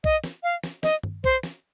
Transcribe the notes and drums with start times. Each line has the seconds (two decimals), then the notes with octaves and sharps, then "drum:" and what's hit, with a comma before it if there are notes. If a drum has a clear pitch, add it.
0.04 D#5, drum: kick B1
0.24 drum: snare
0.43 F5
0.64 drum: snare
0.83 D#5, drum: snare
1.03 drum: tom G2
1.24 C5, drum: kick B1
1.43 drum: snare